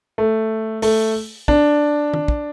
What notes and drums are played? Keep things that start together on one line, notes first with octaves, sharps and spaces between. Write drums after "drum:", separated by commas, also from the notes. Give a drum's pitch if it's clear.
A3
A3, drum: open hi-hat
D4, drum: kick
drum: tom
drum: kick